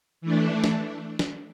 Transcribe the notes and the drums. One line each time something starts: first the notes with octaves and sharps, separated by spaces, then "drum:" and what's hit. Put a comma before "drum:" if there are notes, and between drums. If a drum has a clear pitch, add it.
E3 A3 D4
drum: snare
drum: snare